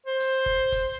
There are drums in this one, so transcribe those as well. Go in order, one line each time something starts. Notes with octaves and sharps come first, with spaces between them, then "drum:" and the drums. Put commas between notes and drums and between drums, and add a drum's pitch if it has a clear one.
C5
drum: hi-hat
drum: kick F#1
drum: kick F#1, hi-hat